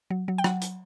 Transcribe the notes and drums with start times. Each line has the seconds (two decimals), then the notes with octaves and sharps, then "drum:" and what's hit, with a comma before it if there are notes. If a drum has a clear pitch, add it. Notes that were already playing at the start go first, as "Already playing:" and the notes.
0.10 F#3
0.28 F#3
0.38 G5
0.44 F#3 F#5, drum: rim click
0.62 drum: hi-hat